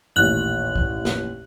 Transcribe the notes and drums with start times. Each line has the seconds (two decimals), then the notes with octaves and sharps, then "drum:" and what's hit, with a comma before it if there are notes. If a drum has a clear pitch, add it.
0.16 A1 D#2 A#2 F#6 F#7
0.75 drum: kick C2
1.05 drum: snare